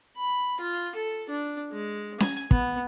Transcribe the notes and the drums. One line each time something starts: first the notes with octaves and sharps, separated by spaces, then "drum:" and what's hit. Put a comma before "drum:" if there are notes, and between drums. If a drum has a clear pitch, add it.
B5
F4
A4
D4
G#3
G#5, drum: snare C#4
B3, drum: kick